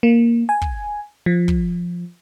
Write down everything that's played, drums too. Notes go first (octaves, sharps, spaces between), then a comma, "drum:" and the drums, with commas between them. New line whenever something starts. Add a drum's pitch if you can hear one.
A#3
G#5
drum: kick
F3
drum: kick